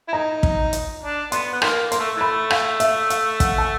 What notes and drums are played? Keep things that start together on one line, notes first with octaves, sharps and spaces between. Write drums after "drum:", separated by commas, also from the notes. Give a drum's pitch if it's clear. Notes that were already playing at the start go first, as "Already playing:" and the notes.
E4
D#4 A#5
drum: kick
drum: hi-hat
D4
B3 C6, drum: hi-hat
B3
D#3 A#3 C6, drum: rim click
A#3 C6, drum: hi-hat
A3
E3 A3 B5
F5, drum: rim click
E5, drum: hi-hat
F5, drum: hi-hat
F#5, drum: kick, hi-hat
A5